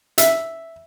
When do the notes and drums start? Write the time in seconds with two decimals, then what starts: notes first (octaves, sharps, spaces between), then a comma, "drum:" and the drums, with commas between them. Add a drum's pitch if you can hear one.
0.18 E5, drum: hi-hat